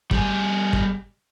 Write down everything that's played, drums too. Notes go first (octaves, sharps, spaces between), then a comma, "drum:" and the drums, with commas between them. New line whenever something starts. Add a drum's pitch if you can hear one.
G3 G#4, drum: kick
drum: kick